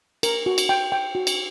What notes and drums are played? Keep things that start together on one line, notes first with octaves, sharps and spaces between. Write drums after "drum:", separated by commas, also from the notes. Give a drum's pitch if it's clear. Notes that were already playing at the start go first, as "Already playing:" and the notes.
A#4, drum: cymbal
F#4
drum: cymbal
G5
G5
F#4
drum: cymbal